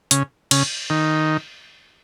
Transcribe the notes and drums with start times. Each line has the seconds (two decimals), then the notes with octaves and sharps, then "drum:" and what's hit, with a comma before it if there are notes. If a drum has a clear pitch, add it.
0.11 C#3, drum: hi-hat
0.51 C#3, drum: cymbal
0.90 D#3